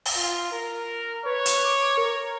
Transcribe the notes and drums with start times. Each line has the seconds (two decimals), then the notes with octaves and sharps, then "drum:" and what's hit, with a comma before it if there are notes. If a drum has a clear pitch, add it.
0.05 drum: open hi-hat
0.16 F4
0.52 A#4
1.26 B4 C#5
1.46 drum: hi-hat
1.65 D6
1.97 A#4